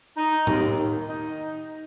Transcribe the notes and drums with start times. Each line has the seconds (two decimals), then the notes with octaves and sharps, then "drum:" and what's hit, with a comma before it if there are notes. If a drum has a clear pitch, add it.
0.17 D#4
0.47 D#2, drum: tom A2
0.77 D#3
1.08 D#4